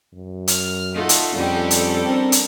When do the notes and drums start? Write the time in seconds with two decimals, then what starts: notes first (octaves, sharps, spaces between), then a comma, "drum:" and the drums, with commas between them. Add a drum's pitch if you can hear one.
0.14 F#2
0.48 F6, drum: hi-hat
0.94 A3 D#4 F4 A4 F#5
1.09 drum: hi-hat
1.35 F2 G3 G#3 C#4 G4 A4
1.71 drum: hi-hat
2.06 C4 D4 A#4
2.32 drum: hi-hat